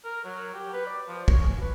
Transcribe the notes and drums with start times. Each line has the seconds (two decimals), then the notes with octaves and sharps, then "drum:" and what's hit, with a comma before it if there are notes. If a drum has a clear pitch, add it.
0.04 A#4
0.24 F#3
0.54 G4
0.73 B4
0.86 D5
1.08 F3
1.28 C#5, drum: kick
1.40 C#4
1.60 B4